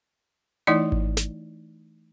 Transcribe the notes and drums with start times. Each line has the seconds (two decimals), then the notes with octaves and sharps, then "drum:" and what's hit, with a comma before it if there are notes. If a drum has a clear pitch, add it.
0.67 E3 A3 D#4 E4 D5 D#5
0.92 drum: kick G#1
1.17 drum: snare